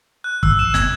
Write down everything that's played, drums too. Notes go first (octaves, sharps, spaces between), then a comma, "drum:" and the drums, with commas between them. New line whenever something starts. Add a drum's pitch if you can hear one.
F#6
E6, drum: kick
E7
G#6, drum: snare